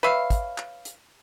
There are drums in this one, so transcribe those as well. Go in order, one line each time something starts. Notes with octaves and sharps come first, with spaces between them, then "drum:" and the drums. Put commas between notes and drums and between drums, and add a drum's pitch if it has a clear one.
B4 C#5 E5 F5
drum: kick, hi-hat
drum: clap
drum: hi-hat